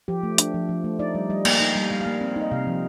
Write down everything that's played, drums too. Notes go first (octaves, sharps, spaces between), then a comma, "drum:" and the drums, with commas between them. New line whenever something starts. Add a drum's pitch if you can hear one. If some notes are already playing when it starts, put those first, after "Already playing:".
F3 G4
A3
D4, drum: hi-hat
F3
F3
A3
D#4 D5
G3
G3 D#5
A#3, drum: cymbal
D#4
G3
G3 F5
F5
A#3
C4
D#4
D#5
C3 F5
F3